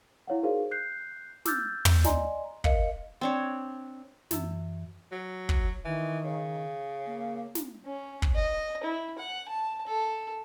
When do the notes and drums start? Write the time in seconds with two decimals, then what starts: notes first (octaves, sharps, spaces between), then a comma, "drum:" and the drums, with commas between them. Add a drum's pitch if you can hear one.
0.27 E4 C#5 F5 F#5
0.43 D#4 F#4 G#4 A#4 C5 F5
0.71 F#6 G6 C7
1.45 D6 E6 F6 G6 A6, drum: snare
1.85 drum: tom
2.04 D5 D#5 G#5 A#5 C6, drum: snare
2.64 A#4 D#5 F5 C#7, drum: kick
3.21 C4 D4 C#5
4.31 F#2 E3 E6, drum: snare
5.11 F#3
5.49 drum: kick
5.85 D#3 E3
6.24 C#3
7.07 A#3
7.55 drum: snare
7.85 C#4
8.22 drum: kick
8.35 D#5
8.83 E4
9.18 F#5
9.48 A5
9.87 A4